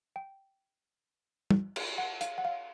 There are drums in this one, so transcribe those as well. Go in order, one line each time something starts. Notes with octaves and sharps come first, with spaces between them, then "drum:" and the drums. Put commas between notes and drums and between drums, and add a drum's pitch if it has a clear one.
G5
drum: tom
drum: cymbal
F#5
F5, drum: hi-hat
F#5
F5